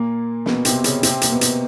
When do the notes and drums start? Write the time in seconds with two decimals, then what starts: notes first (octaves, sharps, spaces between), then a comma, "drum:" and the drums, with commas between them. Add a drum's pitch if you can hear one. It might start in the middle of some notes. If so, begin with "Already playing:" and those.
Already playing: A#2 A#3
0.46 B2 B3, drum: snare
0.65 C3 C4, drum: hi-hat
0.84 C#3 C#4, drum: hi-hat
1.03 C3 C4, drum: hi-hat
1.21 A#3, drum: hi-hat
1.32 B2 B3
1.41 drum: hi-hat